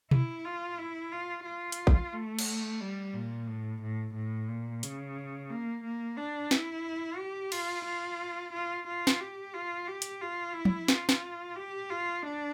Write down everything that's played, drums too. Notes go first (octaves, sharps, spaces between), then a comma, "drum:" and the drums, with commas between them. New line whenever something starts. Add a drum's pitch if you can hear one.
E4, drum: tom B2
F4
E4
F4
F4
drum: hi-hat
drum: kick A1
A3
drum: cymbal
G3
A#2
A2
A2
A2
A#2
C#3, drum: hi-hat
A#3
A#3
D4
E4, drum: snare
G4
F4, drum: cymbal
F4
F4
F4
drum: snare
G4
F4
G4
drum: hi-hat
F4
E4
drum: tom
F4, drum: snare
drum: snare
G4
F4
D4